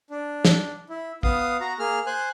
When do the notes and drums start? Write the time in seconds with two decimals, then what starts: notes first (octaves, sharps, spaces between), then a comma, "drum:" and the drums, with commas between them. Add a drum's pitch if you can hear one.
0.10 D4
0.45 drum: snare
0.89 E4
1.23 B3 F5 D#6, drum: kick
1.61 F#4 A#5
1.79 A#3 G#4 F6
2.06 C5 G#5 F#6